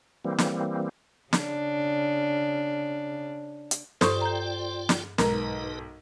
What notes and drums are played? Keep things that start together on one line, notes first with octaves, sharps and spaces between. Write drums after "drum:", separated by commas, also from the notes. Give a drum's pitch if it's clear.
E3 G3 A#3 C4
drum: snare
C#3 D4, drum: snare
drum: hi-hat
G2 F4 A4 C5 D5 G5 C#6, drum: snare
A#5 G6
drum: snare
B1 G#2 D#4 A#4 B4 A#5, drum: snare